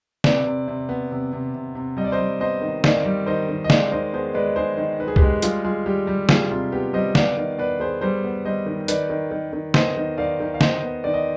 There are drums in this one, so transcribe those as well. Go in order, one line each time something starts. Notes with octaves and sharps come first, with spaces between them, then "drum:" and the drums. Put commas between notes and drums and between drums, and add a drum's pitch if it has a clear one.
C3 B4 D5, drum: snare
C3
C3
B3
C3
C3
C3
C3
G3 D#5
D5
C5 D#5
G3
B3 C5 D#5
D#3
D#3 D5 F5, drum: snare
G3
D#3 C5 D#5
D#3
D#5
G#3 D5 F5, drum: snare
D#3 C5 D#5
B3 G#4 C5
G#3 B4 D5
D#3 G#4 C5
D#3
D#3 B4
G#4
G4 B4, drum: kick
G#3
G3 F4 G#4, drum: hi-hat
G3 F4 G#4
G3 G4
G3 G4
G3 F4 G#4, drum: snare
C3 F4
B3 G4
G3 C5 D#5
B3 D5 F5, drum: snare
D#3
B3 B4 D5
B3 G#4 C5
G3 G#4 C5
B3
G3 C5 D#5
D#3
D#3 B4 D5, drum: hi-hat
D#3
D#3
D#3
B3 C5 D#5, drum: snare
D#3
D#3 D5 F5
D#3
F5
D#3 C5 D#5, drum: snare
B3
D#3 D5
D#5